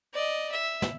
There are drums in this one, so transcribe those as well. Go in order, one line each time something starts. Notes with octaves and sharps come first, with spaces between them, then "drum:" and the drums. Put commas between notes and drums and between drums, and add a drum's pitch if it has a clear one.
D5 D#5
E5
drum: snare